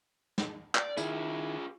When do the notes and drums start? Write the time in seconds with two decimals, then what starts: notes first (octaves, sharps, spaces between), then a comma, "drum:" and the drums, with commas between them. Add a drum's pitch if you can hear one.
0.38 drum: snare
0.75 D5, drum: clap
0.97 D#3 E4 F4 G#4, drum: tambourine